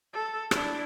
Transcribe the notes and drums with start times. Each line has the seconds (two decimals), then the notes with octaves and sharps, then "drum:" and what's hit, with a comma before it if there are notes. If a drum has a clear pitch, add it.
0.13 A4
0.51 D4 E4, drum: rim click